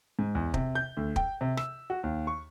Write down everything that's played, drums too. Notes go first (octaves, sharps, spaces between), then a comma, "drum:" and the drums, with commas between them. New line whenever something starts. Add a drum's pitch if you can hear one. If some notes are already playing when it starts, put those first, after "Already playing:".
G#2
E2
C3, drum: kick
G6
D2
G5, drum: kick
C3
E6, drum: rim click
F#4
D#2
C#6